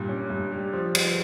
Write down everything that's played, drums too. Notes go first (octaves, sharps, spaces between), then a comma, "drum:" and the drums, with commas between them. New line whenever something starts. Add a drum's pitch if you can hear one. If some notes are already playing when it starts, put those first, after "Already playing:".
Already playing: G2 A#2
C#4
G2
G3
F3
F3, drum: cymbal